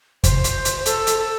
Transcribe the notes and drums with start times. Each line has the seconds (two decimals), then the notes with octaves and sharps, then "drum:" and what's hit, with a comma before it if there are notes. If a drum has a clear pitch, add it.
0.24 C5, drum: kick, hi-hat
0.44 drum: hi-hat
0.65 drum: hi-hat
0.86 A4, drum: hi-hat
1.07 drum: hi-hat
1.18 A4